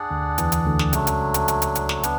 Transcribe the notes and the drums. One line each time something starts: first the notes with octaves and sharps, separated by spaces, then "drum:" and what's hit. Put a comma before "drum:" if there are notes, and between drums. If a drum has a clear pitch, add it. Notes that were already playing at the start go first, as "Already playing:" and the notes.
Already playing: D4 G#4 D5 F#5
D2 D3
E2 E3, drum: hi-hat
drum: hi-hat
D2 D3
drum: snare
C#2 C#3 F#3 A3 D4, drum: hi-hat
drum: hi-hat
drum: hi-hat
drum: hi-hat
drum: hi-hat
drum: hi-hat
drum: snare
B3 D4, drum: hi-hat